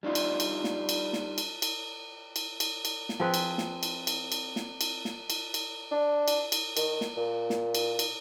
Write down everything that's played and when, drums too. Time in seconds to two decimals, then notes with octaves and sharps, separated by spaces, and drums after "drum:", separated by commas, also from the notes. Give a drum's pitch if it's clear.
0.03 G3 D4 D#4 F4
0.15 drum: cymbal
0.40 drum: cymbal
0.64 drum: snare
0.89 drum: cymbal
1.13 drum: snare
1.38 drum: cymbal
1.62 drum: cymbal
2.36 drum: cymbal
2.60 drum: cymbal
2.85 drum: cymbal
3.09 drum: snare
3.20 F3 C4 G#4 B4
3.34 drum: cymbal
3.58 drum: snare
3.83 drum: cymbal
4.07 drum: cymbal
4.32 drum: cymbal
4.56 drum: snare
4.81 drum: cymbal
5.05 drum: snare
5.30 drum: cymbal
5.54 drum: cymbal
5.92 D4
6.28 drum: cymbal
6.52 drum: cymbal
6.77 D#3, drum: cymbal
7.01 drum: snare
7.17 A#2
7.50 drum: snare
7.75 drum: cymbal
7.99 drum: cymbal